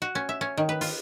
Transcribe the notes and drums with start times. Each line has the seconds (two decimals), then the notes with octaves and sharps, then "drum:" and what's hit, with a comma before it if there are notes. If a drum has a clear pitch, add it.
0.02 F#4
0.15 C#4
0.29 E5
0.41 C#4
0.57 D#3
0.69 B4
0.81 F4, drum: open hi-hat